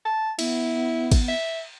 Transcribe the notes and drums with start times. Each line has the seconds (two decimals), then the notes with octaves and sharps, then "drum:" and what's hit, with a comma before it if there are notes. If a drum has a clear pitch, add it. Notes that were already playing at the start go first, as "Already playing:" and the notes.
0.05 A5
0.39 B3 E4, drum: cymbal
1.12 drum: kick G#1, cymbal
1.28 E5